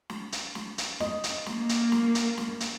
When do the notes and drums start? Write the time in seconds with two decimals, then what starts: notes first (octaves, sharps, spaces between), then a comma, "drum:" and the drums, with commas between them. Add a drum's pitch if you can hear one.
0.10 drum: snare
0.32 drum: hi-hat
0.55 drum: snare
0.78 drum: hi-hat
1.00 D#5, drum: snare
1.24 drum: hi-hat
1.46 A#3, drum: snare
1.69 drum: hi-hat
1.92 drum: snare
2.15 drum: hi-hat
2.38 drum: snare
2.60 drum: hi-hat